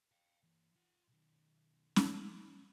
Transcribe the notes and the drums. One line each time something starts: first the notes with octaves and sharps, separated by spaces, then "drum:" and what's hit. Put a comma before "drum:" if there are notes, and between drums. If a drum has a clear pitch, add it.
F5 G5
E3 A#3
F4 F#5
B1 D#3
C5, drum: snare C#4